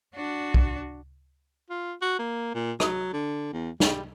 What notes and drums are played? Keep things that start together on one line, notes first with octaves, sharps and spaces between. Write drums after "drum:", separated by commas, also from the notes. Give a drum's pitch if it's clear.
D4 F#4
drum: kick B1
F4
F#4
A#3
A#2
F#3, drum: rim click
D3
E2
G3, drum: snare